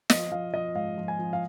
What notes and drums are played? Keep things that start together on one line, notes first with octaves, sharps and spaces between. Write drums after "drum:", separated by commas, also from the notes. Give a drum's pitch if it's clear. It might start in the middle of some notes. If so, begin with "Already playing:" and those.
F3 D#5, drum: snare
F3 F5
F3 D#5
G#2 F5
F3
G#5
F3
F5